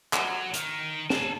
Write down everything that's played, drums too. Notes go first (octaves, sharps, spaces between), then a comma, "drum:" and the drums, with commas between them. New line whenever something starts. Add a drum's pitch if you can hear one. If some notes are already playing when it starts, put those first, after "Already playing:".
F#3, drum: clap
D#3, drum: hi-hat
G#4 A5, drum: snare